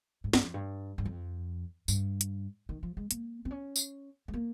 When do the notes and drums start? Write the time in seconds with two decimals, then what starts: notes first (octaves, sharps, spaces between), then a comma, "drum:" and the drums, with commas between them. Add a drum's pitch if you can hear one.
0.24 G#2
0.33 G2, drum: snare
0.43 F2
0.54 G2
0.98 G2
1.05 F2
1.88 G2, drum: tambourine
2.21 drum: hi-hat
2.69 D#3
2.83 F3
2.97 G#3
3.11 A#3, drum: hi-hat
3.45 C4
3.51 C#4
3.76 drum: tambourine
4.28 G#3
4.34 A#3